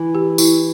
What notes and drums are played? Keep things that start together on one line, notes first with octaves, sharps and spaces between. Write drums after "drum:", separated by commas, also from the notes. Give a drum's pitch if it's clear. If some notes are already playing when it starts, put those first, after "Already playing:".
Already playing: E3
G4
E4, drum: tambourine